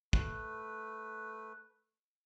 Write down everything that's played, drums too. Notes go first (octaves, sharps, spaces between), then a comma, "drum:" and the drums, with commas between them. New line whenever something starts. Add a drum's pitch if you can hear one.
A3 B4, drum: kick